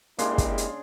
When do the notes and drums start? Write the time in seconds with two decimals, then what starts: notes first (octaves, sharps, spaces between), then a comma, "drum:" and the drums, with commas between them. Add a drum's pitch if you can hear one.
0.19 C#3 G#3 A#3 D4 E4 G4 G#4 C6, drum: hi-hat
0.38 drum: kick, hi-hat
0.58 drum: hi-hat